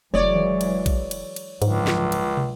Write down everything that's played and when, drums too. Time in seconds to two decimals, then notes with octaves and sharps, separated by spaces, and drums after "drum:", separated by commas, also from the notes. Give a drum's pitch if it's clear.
0.14 F1 E3 F#3 G#3 C#5 D5
0.36 drum: tom D#3
0.61 drum: cymbal
0.86 drum: kick A#1, cymbal
1.11 drum: cymbal
1.36 drum: cymbal
1.62 F#1 C#2 G#2 D3 F3, drum: cymbal
1.87 drum: snare
2.12 drum: cymbal
2.37 drum: tom